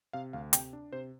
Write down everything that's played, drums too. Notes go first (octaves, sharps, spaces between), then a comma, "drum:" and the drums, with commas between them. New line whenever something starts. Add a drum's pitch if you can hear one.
C3 F5
D2 F5
C3 G5, drum: hi-hat
D4
C3 C5